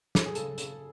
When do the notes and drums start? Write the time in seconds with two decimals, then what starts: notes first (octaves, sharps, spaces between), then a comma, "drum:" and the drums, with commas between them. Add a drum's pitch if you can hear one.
0.15 F#3 A4, drum: snare
0.26 G#4
0.35 C#3 A4, drum: hi-hat
0.58 C#3, drum: hi-hat